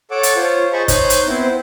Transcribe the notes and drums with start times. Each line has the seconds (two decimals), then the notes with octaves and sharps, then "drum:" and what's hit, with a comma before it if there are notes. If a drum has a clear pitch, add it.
0.11 A4 C#5 F#5 A5 D6
0.23 drum: hi-hat
0.36 F4 C5 C#5
0.73 G#4 C5 D#5 A5 B5 C#6
0.88 D#4 C5 C#5 D#5 F#6 G6, drum: kick, hi-hat
1.10 drum: hi-hat
1.27 B3 C4 E4 C5